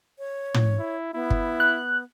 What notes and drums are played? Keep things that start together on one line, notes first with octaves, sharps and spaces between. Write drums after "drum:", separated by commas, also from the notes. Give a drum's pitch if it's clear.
C#5
drum: tom
E4
B3 E4
drum: kick
F#6